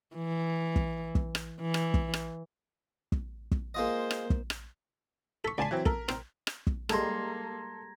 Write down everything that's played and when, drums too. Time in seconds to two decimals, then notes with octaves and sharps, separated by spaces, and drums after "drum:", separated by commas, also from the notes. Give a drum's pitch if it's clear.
0.17 E3
0.76 drum: kick
1.15 drum: kick
1.35 drum: rim click
1.61 E3
1.74 drum: rim click
1.94 drum: kick
2.14 drum: rim click
3.12 drum: kick
3.51 drum: kick
3.74 G#3 A#3 F4 C5 D#5
4.11 drum: rim click
4.30 drum: kick
4.50 drum: rim click
5.45 A4 C#6 B6
5.58 C#2 D5 G#5 A5 C6
5.71 E3 F#3 C4
5.86 A4 A#4, drum: kick
6.08 C4 C5, drum: rim click
6.47 drum: rim click
6.67 drum: kick
6.89 G3 G#3 A#3 A4 A#5 C6 G#6 A#6, drum: rim click